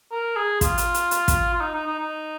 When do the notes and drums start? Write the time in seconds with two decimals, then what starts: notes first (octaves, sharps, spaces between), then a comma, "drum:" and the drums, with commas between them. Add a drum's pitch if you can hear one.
0.11 A#4
0.36 G#4
0.61 F4, drum: kick, hi-hat
0.78 drum: hi-hat
0.94 drum: hi-hat
1.11 drum: hi-hat
1.28 drum: kick, hi-hat
1.54 F4
1.61 D#4
1.74 D#4
1.86 D#4
1.99 D#4